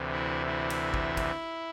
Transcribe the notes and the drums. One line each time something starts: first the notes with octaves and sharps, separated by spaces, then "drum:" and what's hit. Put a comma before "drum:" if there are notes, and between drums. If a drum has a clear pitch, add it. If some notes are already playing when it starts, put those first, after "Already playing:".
Already playing: D2 C3 E3
E4
E4
drum: cymbal
drum: kick
drum: kick, cymbal